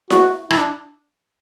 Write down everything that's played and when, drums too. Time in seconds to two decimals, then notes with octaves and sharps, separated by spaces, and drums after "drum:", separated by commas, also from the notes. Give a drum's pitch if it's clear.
0.10 F#4, drum: snare E4
0.50 E4, drum: rim click
0.58 D4